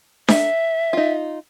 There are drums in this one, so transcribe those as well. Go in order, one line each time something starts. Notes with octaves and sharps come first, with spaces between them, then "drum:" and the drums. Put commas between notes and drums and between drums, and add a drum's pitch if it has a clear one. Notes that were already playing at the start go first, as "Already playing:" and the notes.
E5, drum: snare D4
D#4 F4